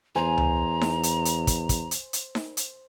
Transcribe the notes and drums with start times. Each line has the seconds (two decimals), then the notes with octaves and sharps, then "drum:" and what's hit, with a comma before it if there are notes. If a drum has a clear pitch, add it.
0.16 E2 C5 G#5 A#5
0.38 drum: tom C#2
0.81 drum: snare D#4
1.03 drum: hi-hat
1.25 drum: hi-hat
1.47 drum: kick, hi-hat
1.69 drum: kick, hi-hat
1.91 drum: hi-hat
2.13 drum: hi-hat
2.35 drum: snare D#4
2.57 drum: hi-hat